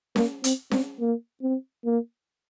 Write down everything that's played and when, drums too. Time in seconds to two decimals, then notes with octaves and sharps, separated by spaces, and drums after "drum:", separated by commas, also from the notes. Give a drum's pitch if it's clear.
0.16 A#3, drum: snare C#4
0.44 C4, drum: hi-hat
0.72 C4, drum: snare C#4
1.00 A#3
1.42 C4
1.85 A#3